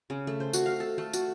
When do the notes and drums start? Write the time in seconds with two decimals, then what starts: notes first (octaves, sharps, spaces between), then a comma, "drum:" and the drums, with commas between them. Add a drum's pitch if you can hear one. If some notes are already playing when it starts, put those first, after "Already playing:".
0.10 C#3
0.27 A3
0.40 C5
0.53 F#4, drum: tambourine
0.66 F5
0.80 A4
0.98 A3
1.13 F#4, drum: tambourine